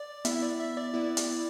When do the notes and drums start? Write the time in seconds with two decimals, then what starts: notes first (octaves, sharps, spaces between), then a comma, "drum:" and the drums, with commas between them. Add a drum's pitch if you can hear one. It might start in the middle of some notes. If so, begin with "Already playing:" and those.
Already playing: D5
0.25 B3 E4 E5, drum: hi-hat
0.35 E5
0.42 D5
0.60 E5
0.77 D5
0.94 B3 E4
1.17 drum: hi-hat